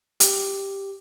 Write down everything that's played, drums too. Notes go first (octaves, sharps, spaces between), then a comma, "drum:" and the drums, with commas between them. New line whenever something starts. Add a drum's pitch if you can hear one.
G4, drum: hi-hat